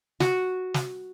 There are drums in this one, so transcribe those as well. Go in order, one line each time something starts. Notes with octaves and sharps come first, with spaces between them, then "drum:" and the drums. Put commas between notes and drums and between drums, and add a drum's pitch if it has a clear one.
F#4, drum: snare
drum: snare